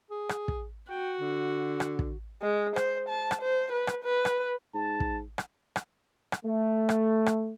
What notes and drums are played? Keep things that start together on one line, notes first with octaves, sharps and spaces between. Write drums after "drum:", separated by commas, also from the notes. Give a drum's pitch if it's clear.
G#4
drum: rim click
drum: kick
F#4 G5
D3
drum: rim click
drum: kick
G#3
C5, drum: rim click
A5
drum: rim click
C5
B4
drum: rim click
B4
drum: rim click
G#2 A5
drum: kick
drum: rim click
drum: rim click
drum: rim click
A3
drum: rim click
drum: rim click